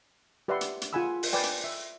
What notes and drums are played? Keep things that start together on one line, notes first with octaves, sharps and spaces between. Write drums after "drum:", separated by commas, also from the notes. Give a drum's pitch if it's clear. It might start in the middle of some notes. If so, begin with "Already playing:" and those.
G4 B4 D5 E5 F#5 C6
drum: hi-hat
drum: hi-hat
F4 G#4 F#5 G#5 B5 E6
drum: open hi-hat
B4 D5 G5 G#5
drum: hi-hat
E5